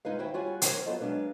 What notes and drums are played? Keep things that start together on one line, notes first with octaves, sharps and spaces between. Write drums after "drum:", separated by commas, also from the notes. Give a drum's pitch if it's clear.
G#2 G#3 D#4 F4 B4 F5
D#2 C#4 E4 C5 E5 G5
G3 F4 F#4 C#5 G#5
E3 F#3 C#4 D4 A#4 C5, drum: hi-hat
F#3 B3 F4 A4 C5 D#5
F#3 G#3 A#3 D4 B4 F5